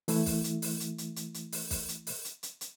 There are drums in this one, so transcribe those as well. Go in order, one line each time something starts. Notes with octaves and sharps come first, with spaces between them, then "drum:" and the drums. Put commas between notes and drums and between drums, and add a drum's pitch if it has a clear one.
E3 A3 E4, drum: open hi-hat
drum: kick, open hi-hat
drum: hi-hat
drum: open hi-hat
drum: hi-hat
drum: hi-hat
drum: hi-hat
drum: hi-hat
drum: open hi-hat
drum: kick, open hi-hat
drum: hi-hat
drum: open hi-hat
drum: hi-hat
drum: hi-hat
drum: hi-hat